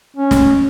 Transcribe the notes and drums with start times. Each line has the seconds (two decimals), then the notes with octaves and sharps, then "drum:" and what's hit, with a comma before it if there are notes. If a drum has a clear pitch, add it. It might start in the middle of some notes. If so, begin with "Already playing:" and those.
0.16 C#4
0.31 drum: snare